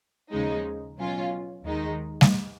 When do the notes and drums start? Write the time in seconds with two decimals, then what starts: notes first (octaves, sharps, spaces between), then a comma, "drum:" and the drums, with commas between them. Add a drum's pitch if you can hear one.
0.31 D#2 C#3 F3 G#3 D#4
0.98 B2 F#3 C#4 F4
1.64 D#2 D#3 G#3 D#4
2.21 drum: snare G3